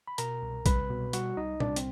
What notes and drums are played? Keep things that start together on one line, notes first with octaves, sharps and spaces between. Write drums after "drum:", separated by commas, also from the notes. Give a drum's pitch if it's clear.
B5
B2 A#4 A#5, drum: hi-hat
C2
C2 B4 B5, drum: kick, hi-hat
B2
G3 F#4 F#5, drum: hi-hat
C2 D#4 D#5
C2 D4 D5, drum: tom A#2
C4, drum: hi-hat